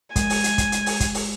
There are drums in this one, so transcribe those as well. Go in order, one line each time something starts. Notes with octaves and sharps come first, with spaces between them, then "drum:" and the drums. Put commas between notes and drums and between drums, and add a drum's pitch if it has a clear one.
G#3 G#5, drum: kick, hi-hat
drum: open hi-hat
drum: hi-hat
drum: kick, hi-hat
drum: hi-hat
drum: open hi-hat
drum: kick, hi-hat
drum: open hi-hat